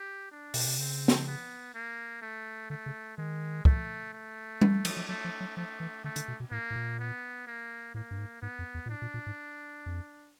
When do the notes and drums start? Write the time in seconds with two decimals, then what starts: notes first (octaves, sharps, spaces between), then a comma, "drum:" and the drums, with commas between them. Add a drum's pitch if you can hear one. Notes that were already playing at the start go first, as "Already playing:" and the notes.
Already playing: G4
0.31 D4
0.54 B2, drum: open hi-hat
0.66 C3
0.79 C#3 C4
1.08 drum: snare
1.27 B3
1.75 A#3
2.22 A3
2.70 D3 A3
2.86 C#3
3.18 D#3 G#3
3.65 A3, drum: kick
4.13 A3
4.61 E3, drum: tom G3
4.85 F3, drum: cymbal
4.97 F3
5.08 F#3 A3
5.25 F3
5.40 F#3
5.57 F3 A3
5.80 E3
6.04 D3 A3
6.16 D3, drum: hi-hat
6.28 B2
6.40 B2
6.51 A2 A#3
6.70 A2
6.76 A#2
6.99 B3
7.47 A#3
7.94 A2 A#3
8.11 G2
8.18 G#2
8.42 G#2 B3
8.59 F2
8.74 E2
8.86 A#2
8.90 A2 D4
9.02 A#2
9.14 A#2
9.27 G#2
9.86 F2